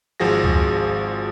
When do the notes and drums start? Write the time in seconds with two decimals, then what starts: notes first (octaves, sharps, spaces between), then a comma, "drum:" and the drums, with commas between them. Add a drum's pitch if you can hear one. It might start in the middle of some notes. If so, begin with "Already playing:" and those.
0.20 G#1 F3 F#4 G#4 A#6
0.44 drum: kick D2